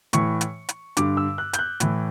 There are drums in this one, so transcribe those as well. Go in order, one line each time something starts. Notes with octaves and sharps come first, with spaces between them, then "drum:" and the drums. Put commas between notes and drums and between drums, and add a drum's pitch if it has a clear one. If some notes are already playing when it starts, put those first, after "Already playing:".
A2 E3 C#6, drum: hi-hat
drum: hi-hat
drum: hi-hat
G2 D3 D6, drum: hi-hat
E6
F#6
G6, drum: hi-hat
F#6
A2 E3, drum: hi-hat